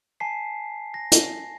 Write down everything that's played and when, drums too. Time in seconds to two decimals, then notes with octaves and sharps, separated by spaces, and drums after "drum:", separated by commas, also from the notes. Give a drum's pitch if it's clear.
0.20 G#5 A5 B6 C7
0.94 A#6
1.12 drum: hi-hat